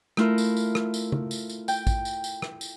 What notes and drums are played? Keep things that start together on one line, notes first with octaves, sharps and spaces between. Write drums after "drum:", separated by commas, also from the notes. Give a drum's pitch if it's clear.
A3 E4 F4 A#4, drum: rim click
drum: tambourine
drum: tambourine
drum: rim click
drum: tambourine
drum: tom C#3
drum: tambourine
drum: tambourine
G5, drum: tambourine
drum: kick, tambourine
drum: tambourine
drum: tambourine
drum: rim click
drum: tambourine